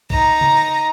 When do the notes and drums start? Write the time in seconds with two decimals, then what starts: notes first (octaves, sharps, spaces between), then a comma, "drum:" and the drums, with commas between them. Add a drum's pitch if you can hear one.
0.10 D#4 A#5, drum: kick A#1
0.41 drum: tom C#3